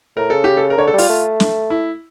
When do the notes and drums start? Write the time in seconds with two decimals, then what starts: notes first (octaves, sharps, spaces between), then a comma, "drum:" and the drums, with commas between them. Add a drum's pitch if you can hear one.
0.16 A2 A#4
0.30 C#3 A4
0.44 G4
0.57 A4
0.70 A#4
0.77 D3 C#5
0.87 A4
0.93 G3
0.98 F4, drum: open hi-hat
1.09 A3
1.40 drum: snare
1.70 E4